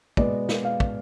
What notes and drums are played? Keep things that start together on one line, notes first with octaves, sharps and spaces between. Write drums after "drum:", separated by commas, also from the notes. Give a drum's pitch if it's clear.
B2 G#3 B3 D5, drum: kick
drum: snare
F5
drum: kick